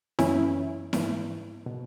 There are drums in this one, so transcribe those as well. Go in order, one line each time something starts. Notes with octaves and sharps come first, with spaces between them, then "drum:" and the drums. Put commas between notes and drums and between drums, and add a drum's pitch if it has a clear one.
F#2 E3 C#4 E4, drum: snare E4
G#2 E3, drum: snare E4
B2